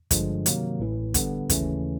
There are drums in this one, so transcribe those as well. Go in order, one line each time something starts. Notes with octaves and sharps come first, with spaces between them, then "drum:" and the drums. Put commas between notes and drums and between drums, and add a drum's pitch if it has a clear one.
G2 D3 F3 G#3, drum: kick, hi-hat
C3 D#3 F#3 A#3, drum: hi-hat
A1 A2 E3
D3 G3 B3, drum: kick, hi-hat
D#2 C#3 E3 A3 C#4, drum: kick, hi-hat